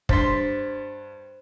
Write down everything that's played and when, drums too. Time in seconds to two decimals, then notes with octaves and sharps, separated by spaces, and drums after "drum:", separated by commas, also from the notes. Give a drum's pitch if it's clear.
0.09 G2 C5 C6 A6 B6, drum: kick